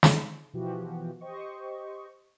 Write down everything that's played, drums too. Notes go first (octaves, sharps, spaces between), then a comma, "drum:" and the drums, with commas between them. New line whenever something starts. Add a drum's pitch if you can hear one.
drum: snare
B2 E3 F3 F#4 G4
G4 C5 D#5 C#6